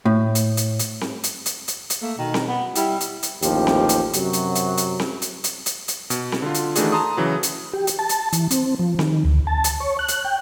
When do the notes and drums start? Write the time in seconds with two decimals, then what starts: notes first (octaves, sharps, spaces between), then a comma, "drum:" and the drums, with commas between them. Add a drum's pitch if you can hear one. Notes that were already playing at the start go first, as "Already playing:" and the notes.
0.05 A2
0.35 drum: hi-hat
0.57 drum: hi-hat
0.79 drum: hi-hat
1.01 drum: snare C4
1.23 drum: hi-hat
1.46 drum: hi-hat
1.68 drum: hi-hat
1.90 drum: hi-hat
2.02 A3 A#3
2.18 B2 D#3
2.34 drum: snare C4
2.48 B3
2.75 G3 E4, drum: hi-hat
3.00 drum: hi-hat
3.23 drum: hi-hat
3.42 A1 D#2 F3 G4, drum: hi-hat
3.67 drum: snare C4
3.89 drum: hi-hat
4.13 F#2 C3 F#3, drum: hi-hat
4.33 drum: hi-hat
4.55 drum: hi-hat
4.77 drum: hi-hat
5.00 drum: snare C4
5.22 drum: hi-hat
5.44 drum: hi-hat
5.66 drum: hi-hat
5.88 drum: hi-hat
6.10 B2, drum: hi-hat
6.32 drum: snare C4
6.42 D3 F4
6.54 drum: hi-hat
6.75 D#3 E3 A3 D4 F#4 G#4, drum: hi-hat
6.92 A5 A#5 C6 D#6
7.17 C#3 E3 F#3
7.43 drum: hi-hat
7.73 G4
7.87 drum: hi-hat
7.99 A5
8.09 drum: hi-hat
8.32 E3, drum: hi-hat
8.50 C4, drum: hi-hat
8.79 F3
8.99 D#3, drum: snare C4
9.25 D2
9.47 A5
9.64 drum: hi-hat
9.80 C#5
9.99 F#6
10.08 drum: hi-hat
10.24 G5